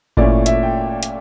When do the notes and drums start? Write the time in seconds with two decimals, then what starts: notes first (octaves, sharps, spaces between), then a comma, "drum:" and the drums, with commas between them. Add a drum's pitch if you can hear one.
0.17 A#2 A3 C#4 E4 D5, drum: kick G#1
0.46 E5, drum: hi-hat
0.63 G5
1.03 drum: hi-hat